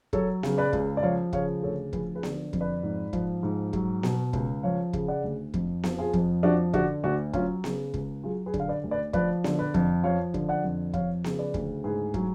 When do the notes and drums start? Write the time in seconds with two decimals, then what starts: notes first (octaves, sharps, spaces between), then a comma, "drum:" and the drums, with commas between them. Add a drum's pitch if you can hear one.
0.13 F#3 A4 C#5, drum: kick
0.43 C#3, drum: snare B3
0.58 B4 D5
0.73 C#2, drum: kick
0.97 D5
1.03 F3 C#5 F5
1.33 C#3 C#5 F5, drum: kick
1.63 D2 A4 C#5
1.93 F3 G#4 B4, drum: kick
2.15 G#4 B4
2.23 D3, drum: snare B3
2.53 F2, drum: kick
2.61 B4 D5
2.83 G#2
3.13 F3, drum: kick
3.43 G#2
3.73 F#3, drum: kick
4.03 B2, drum: snare B3
4.33 C#2, drum: kick
4.63 F3 C#5 F5
4.93 C#3, drum: kick
5.08 D5 F#5
5.24 D2
5.54 F2, drum: kick
5.83 F3, drum: snare B3
5.99 F4 G#4
6.13 F2, drum: kick
6.43 F3 D4 F#4
6.74 D3 D4 F#4, drum: kick
7.03 D2 D4 F#4
7.33 F#3 C#4 F4, drum: kick
7.64 C#3, drum: snare B3
7.94 C#2, drum: kick
8.24 F#3 F4 G#4
8.46 G#4 B4
8.54 D3, drum: kick
8.60 F5
8.68 B4 D5
8.84 D2
8.91 B4 D5
9.13 F3 B4 D5, drum: kick
9.44 D3, drum: snare B3
9.59 B4 D5
9.74 F2, drum: kick
10.04 F3 C#5 F5
10.34 D3, drum: kick
10.49 D5 F#5
10.64 F2
10.94 F3 C#5 F5, drum: kick
11.24 C#3, drum: snare B3
11.39 B4 D5
11.54 D2, drum: kick
11.84 G#2 G#4 B4
12.14 F#3, drum: kick